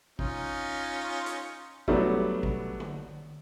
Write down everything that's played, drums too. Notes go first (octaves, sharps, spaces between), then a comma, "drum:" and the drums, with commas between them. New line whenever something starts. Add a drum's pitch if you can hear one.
C#4 D#4 F4, drum: kick G#1
drum: hi-hat
F#3 G3 A3 B3 D4, drum: kick G#1
drum: kick G#1
drum: tom D3